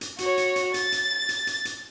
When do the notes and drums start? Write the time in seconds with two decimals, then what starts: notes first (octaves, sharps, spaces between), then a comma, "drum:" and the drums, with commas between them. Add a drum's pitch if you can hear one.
0.01 drum: hi-hat
0.18 F#4 C#5, drum: hi-hat
0.38 drum: hi-hat
0.56 drum: hi-hat
0.74 A6, drum: hi-hat
0.92 drum: hi-hat
1.29 drum: hi-hat
1.47 drum: hi-hat
1.65 drum: hi-hat